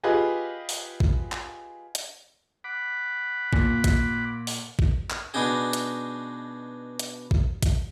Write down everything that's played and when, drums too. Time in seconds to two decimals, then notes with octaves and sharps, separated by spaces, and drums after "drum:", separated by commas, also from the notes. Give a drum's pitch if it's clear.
0.03 F4 G4 G#4 B4 D#5
0.69 drum: open hi-hat
1.00 drum: kick
1.32 drum: clap
1.95 drum: hi-hat
2.64 F#5 B5 D6
3.53 A#2, drum: kick
3.84 drum: kick, hi-hat
4.47 drum: open hi-hat
4.79 drum: kick
5.10 drum: clap
5.34 B2 B3 D4 D#4 G#4
5.73 drum: hi-hat
6.99 drum: hi-hat
7.31 drum: kick
7.63 drum: kick, hi-hat